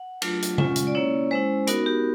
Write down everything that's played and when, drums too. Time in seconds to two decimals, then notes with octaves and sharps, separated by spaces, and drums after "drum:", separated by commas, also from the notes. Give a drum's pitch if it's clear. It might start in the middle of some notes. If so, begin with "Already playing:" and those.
Already playing: F#5
0.22 F#3 A3 D4 F4, drum: cymbal
0.42 drum: hi-hat
0.58 G#3 C#4 F4, drum: tom C#3
0.76 drum: hi-hat
0.87 D5
0.95 A#3 C#4 E4 C#5
1.31 G#3 C#4 E4 C5
1.67 B3 D#4 F#4 A#4, drum: hi-hat
1.86 G4